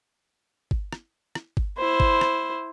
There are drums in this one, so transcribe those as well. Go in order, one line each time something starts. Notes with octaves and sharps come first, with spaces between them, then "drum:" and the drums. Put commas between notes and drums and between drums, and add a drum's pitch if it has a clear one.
drum: kick G1
drum: rim click
drum: rim click
drum: kick G1
E4 C5
drum: kick G1
drum: rim click